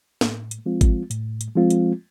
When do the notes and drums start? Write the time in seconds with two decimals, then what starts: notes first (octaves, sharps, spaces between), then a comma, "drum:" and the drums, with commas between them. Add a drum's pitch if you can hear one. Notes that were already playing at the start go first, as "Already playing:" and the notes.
0.21 A2, drum: snare
0.51 drum: hi-hat
0.66 F3 G#3 C4 F4
0.81 drum: kick G#1, hi-hat
1.11 A2, drum: hi-hat
1.41 drum: hi-hat
1.56 F3 G#3 C4 F4
1.70 drum: hi-hat